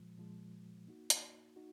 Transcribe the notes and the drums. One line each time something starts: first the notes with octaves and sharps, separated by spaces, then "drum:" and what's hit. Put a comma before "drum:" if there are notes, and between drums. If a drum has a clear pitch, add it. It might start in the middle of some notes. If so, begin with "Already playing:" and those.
Already playing: A#2 F3 G#3
A#2 F3 G#3
A#3 D#4 F#4
drum: hi-hat
D#4 F#4